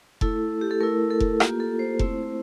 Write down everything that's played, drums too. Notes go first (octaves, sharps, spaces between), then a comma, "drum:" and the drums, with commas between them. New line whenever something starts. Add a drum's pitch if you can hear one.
A3 E4 A4, drum: kick F1
G4
A4
A3 E4 A#4
A4
drum: kick F1
A#3 F4 G4, drum: rim click
A4
C5
A3 C4 E4, drum: kick F1